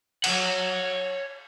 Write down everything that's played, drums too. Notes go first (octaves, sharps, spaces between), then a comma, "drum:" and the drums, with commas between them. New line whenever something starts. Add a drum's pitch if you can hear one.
C#5 F#5, drum: cymbal